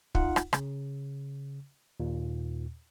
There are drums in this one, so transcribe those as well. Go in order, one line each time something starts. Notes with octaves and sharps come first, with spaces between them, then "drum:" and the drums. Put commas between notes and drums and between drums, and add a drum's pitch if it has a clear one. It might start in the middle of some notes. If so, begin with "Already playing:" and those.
D#4 F4 F#5, drum: kick
drum: rim click
C#3, drum: rim click
D#2 A#2